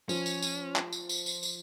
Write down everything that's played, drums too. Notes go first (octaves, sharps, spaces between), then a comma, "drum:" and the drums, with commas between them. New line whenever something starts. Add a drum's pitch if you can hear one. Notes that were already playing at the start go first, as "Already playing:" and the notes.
F3 C#4, drum: tambourine
drum: tambourine
drum: tambourine
drum: clap
drum: tambourine
drum: tambourine
drum: tambourine
drum: tambourine